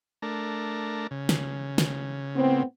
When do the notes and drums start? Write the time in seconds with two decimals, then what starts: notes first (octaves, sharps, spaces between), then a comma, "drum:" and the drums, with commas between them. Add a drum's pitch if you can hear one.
0.22 A3 D4 A#4
1.11 C#3
1.29 drum: snare
1.78 drum: snare
2.36 A2 B3 C4